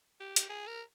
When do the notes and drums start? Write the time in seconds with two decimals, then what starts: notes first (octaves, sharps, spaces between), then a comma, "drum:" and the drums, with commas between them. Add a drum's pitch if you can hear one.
0.20 G4
0.36 drum: hi-hat
0.49 G#4
0.67 A#4